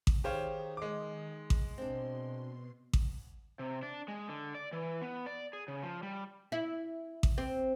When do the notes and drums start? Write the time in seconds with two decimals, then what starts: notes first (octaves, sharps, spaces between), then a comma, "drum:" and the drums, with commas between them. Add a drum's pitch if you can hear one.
0.07 drum: kick A1
0.24 D#3 D#4 G4 G#4 C5 C#5 F5 D#6
0.77 G#3 D6
1.50 drum: kick A1
1.78 B2 C4 D4 C6
2.93 drum: kick A1
3.59 C3
3.83 D4
4.08 G#3
4.29 D3
4.55 D5
4.73 E3
5.02 B3
5.26 D5
5.53 G#4
5.68 C#3
5.83 F3
6.03 G3
6.52 E4
7.23 drum: kick A1
7.38 C4